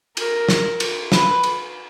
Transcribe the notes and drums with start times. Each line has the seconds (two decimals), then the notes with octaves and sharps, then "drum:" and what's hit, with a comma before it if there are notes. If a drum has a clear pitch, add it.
0.17 A#4, drum: cymbal
0.49 drum: snare
0.80 drum: cymbal
1.12 B4, drum: snare
1.43 drum: cymbal